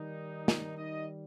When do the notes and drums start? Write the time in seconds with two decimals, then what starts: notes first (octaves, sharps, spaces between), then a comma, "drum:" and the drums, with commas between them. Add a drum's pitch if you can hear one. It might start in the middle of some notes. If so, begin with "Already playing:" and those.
Already playing: D#3 G3 D#4
0.48 drum: snare
0.78 D#4 D#5